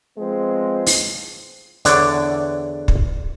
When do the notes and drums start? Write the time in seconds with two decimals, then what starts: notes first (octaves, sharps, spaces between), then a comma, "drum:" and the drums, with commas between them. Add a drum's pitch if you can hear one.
0.18 F3 G#3 B3 C4
0.86 drum: open hi-hat
1.85 E2 D3 D4 C#5 D5 F#5, drum: hi-hat
2.88 drum: kick